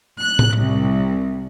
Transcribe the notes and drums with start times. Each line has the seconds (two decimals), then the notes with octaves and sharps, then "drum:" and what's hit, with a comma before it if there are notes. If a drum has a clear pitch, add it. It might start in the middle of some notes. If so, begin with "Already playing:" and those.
0.20 F#6
0.39 drum: tom A2
0.57 C2